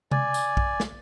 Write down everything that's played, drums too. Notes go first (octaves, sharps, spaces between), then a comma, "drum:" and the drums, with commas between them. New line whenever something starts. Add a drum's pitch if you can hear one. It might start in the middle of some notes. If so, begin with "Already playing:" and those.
D5 G#5, drum: tom C3
drum: tambourine
drum: kick
drum: snare